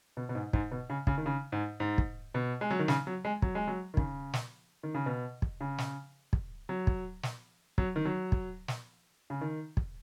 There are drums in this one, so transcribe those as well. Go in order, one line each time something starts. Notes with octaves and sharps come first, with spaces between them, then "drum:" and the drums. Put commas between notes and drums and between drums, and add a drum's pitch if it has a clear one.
B2
B2
G#2
G#2, drum: kick
B2
C#3
C#3, drum: kick
D#3
C#3
G#2
G#2
drum: kick
B2
G#3
F#3
D#3
C#3, drum: snare
F#3
G#3
F#3, drum: kick
G#3
F#3
D#3
C#3, drum: kick
drum: snare
D#3
C#3
B2
drum: kick
C#3
drum: snare
drum: kick
F#3
drum: kick
drum: snare
F#3, drum: kick
D#3
F#3
drum: kick
drum: snare
C#3
D#3
drum: kick